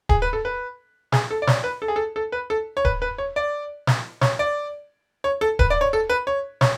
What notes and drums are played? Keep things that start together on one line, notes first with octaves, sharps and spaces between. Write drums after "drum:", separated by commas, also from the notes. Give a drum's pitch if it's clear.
G#4, drum: kick D1
B4
A4
B4
G#4, drum: snare
A4
D5
C#5, drum: snare
B4
A4
G#4
A4
A4
B4
A4
C#5
B4, drum: kick D1
B4
C#5
D5
drum: snare
C#5, drum: snare
D5
C#5
A4
B4, drum: kick D1
D5
C#5
A4
B4
C#5
C#5, drum: snare